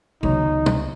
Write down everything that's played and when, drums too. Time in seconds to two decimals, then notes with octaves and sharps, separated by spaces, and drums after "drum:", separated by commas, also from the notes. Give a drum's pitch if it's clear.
0.23 C#2 D#3 F#3 B3 D#4 C#5, drum: tom
0.66 drum: tom